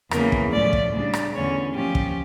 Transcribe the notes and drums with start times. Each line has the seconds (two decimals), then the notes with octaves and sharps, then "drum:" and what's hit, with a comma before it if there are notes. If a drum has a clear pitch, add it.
0.11 E2 C#3 E3 A#3 C#4 A#4, drum: rim click
0.32 drum: kick
0.52 A2 F3 A3 C#4 D5
0.73 drum: kick
0.94 C#3 G3 D4
1.13 drum: rim click
1.34 E2 D3 A3 C#4 C#5
1.75 A#2 F3 C#4 G4
1.95 drum: kick